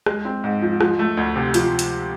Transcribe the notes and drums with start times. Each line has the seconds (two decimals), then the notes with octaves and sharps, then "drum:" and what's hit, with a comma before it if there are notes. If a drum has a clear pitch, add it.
0.06 G#3, drum: rim click
0.25 C4
0.44 G#2
0.62 F3
0.81 F3, drum: rim click
0.99 A3
1.17 D2
1.36 C3
1.54 F3, drum: hi-hat
1.79 drum: hi-hat